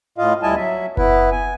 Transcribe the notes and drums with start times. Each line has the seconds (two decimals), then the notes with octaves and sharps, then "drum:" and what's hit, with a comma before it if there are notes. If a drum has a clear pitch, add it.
0.18 A2 F4 D#5 F5
0.43 D2 G3 E4 D#5 G#5 A5
0.56 F#3 E5
0.97 B3 E4 B4, drum: kick F#1
1.32 G#5